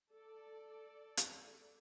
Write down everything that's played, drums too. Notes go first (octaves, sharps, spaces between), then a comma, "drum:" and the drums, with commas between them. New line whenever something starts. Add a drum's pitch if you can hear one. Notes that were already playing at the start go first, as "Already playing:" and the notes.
A4 D5
drum: hi-hat